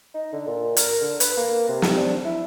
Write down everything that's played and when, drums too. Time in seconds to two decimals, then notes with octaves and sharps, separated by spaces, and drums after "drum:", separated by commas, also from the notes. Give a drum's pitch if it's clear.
0.14 D#4
0.33 D3
0.47 A#2
0.77 A#4, drum: hi-hat
1.01 D3
1.20 B4, drum: hi-hat
1.37 A#3
1.68 C3
1.82 drum: snare
1.97 D4
2.25 E4